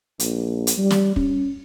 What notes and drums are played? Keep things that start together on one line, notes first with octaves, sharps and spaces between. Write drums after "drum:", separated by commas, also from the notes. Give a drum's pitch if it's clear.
A#1, drum: hi-hat
drum: hi-hat
G3
drum: snare
C#4, drum: kick